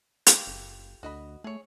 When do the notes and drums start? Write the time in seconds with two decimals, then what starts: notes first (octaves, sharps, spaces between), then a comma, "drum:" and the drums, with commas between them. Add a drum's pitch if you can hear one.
0.26 F4 G4 A4, drum: hi-hat
0.47 F#1
1.03 D2 F#4 D#5 B5
1.44 A3 G#4 C#5